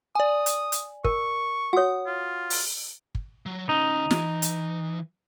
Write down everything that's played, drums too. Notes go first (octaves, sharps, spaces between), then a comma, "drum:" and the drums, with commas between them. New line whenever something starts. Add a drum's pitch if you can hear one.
D5 G#5 D#6
drum: hi-hat
drum: hi-hat
A#4 C#6, drum: kick
F#4 C#5 F#5 D#6
F4
drum: open hi-hat
drum: kick
F#3
D2 C#4 D#4
E3, drum: snare
drum: hi-hat